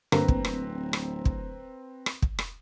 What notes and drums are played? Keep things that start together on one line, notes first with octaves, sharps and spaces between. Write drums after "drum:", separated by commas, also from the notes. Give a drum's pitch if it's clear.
D1 G2 D3 A#3 C4 B4 A#5, drum: rim click
drum: kick
drum: rim click
drum: rim click
drum: kick
drum: rim click
drum: kick
drum: rim click